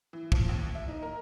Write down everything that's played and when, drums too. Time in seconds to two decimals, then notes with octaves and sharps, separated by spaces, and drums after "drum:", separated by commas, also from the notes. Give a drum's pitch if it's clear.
0.13 E3
0.32 F3, drum: kick
0.49 D#2
0.75 E5
0.88 D#4
1.03 A#4